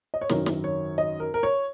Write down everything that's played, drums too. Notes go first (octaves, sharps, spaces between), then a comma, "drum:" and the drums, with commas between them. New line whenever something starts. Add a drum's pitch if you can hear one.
D#5
C#5
G#1 F#2 D#3 F#3 A#4, drum: snare
drum: snare
C#5
D#5
A#4
A#4
C#5